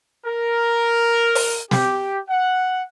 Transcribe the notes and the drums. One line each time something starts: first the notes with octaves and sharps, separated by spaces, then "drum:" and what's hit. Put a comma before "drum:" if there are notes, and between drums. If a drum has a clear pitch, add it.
A#4
drum: open hi-hat
G4, drum: snare
F#5